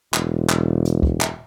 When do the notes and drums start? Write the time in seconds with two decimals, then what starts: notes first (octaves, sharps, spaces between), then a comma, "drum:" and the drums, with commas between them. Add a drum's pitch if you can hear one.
0.14 E1, drum: clap
0.49 drum: clap
0.85 drum: hi-hat
1.03 drum: kick
1.21 drum: clap